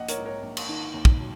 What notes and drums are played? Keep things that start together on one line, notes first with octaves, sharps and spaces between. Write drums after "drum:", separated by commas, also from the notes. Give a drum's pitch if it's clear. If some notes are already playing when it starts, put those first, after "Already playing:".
Already playing: A#1 D#5 F#5
A#4 C#5, drum: hi-hat
G#2
A#4 C#5
A#1
drum: cymbal
D#3
D#2
drum: kick
F#3